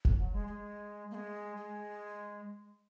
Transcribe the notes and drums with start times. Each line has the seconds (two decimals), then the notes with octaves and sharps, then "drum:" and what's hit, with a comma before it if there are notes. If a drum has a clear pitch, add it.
0.05 drum: kick F1
0.17 F#3
0.33 G#3
0.47 G#3
1.11 A#3
1.15 G#3
1.57 G#3